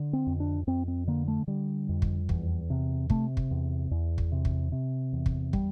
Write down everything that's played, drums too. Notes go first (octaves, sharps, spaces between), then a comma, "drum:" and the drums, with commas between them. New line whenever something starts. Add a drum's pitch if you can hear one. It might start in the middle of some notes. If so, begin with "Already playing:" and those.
Already playing: D3
C4
F2
D4
F2 C4
C4
D3 A#3
A3
D3 G3
F2
drum: kick
E2, drum: kick
C3
C3 A3, drum: kick
drum: kick
E2
E2
drum: kick
C3
drum: kick
C3
E2
drum: kick
G3, drum: kick